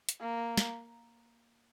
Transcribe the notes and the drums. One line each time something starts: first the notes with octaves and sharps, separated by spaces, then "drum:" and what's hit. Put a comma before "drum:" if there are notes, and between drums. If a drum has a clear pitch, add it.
drum: hi-hat
A#3
drum: snare